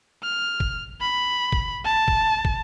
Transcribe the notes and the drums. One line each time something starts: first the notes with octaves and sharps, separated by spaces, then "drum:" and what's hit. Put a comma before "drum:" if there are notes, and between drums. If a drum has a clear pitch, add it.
F6
drum: kick
B5
drum: kick
A5
drum: kick
drum: kick